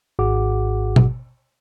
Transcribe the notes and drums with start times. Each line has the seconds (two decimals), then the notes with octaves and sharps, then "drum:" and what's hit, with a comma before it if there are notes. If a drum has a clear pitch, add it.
0.19 G#1 G#2 F#4 G#4 F#5 D6
0.96 drum: tom